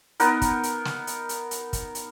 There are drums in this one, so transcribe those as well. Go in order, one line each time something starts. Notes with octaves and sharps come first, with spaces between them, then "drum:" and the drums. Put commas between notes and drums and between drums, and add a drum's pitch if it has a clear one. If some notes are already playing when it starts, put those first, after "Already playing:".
B3 D#4 A#4, drum: hi-hat
drum: kick, hi-hat
drum: hi-hat
drum: snare
drum: hi-hat
drum: hi-hat
drum: hi-hat
drum: kick, hi-hat
drum: hi-hat